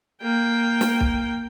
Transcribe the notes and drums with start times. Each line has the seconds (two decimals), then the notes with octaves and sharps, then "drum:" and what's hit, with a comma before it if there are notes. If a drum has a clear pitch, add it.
0.22 A#3 G5
0.81 drum: snare
1.00 drum: kick B1